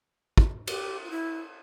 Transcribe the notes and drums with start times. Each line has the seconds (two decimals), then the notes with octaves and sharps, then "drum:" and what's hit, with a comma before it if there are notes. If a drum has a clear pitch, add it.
0.37 drum: kick
0.67 G4, drum: cymbal
1.05 F4
1.10 E4